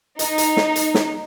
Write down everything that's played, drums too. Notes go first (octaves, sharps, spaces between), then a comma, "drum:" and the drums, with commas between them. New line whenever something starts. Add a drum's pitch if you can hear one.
D#4, drum: hi-hat
drum: hi-hat
drum: snare
drum: hi-hat
drum: snare